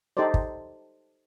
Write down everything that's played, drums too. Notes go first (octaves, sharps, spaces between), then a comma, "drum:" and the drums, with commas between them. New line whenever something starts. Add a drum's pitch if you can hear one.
D#4 G4 A4 C5 D5
drum: kick